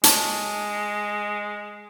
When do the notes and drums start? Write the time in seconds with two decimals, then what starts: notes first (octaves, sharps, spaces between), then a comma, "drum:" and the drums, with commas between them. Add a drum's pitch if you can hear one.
0.04 G#3 C#5 A5, drum: hi-hat